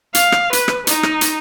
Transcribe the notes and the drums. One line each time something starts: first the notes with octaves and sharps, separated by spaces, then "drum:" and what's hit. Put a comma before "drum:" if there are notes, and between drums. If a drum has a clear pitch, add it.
F5, drum: hi-hat
drum: rim click
B4, drum: hi-hat
drum: rim click
D#4, drum: hi-hat
drum: rim click
drum: hi-hat